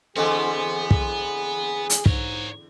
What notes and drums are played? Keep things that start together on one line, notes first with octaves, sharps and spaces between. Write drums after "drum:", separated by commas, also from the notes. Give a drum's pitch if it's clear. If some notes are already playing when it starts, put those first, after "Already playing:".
E2 D3 B3 C4 G#4 A4 D#5 G#5
drum: kick
drum: hi-hat
G#2 A#4 C#5, drum: kick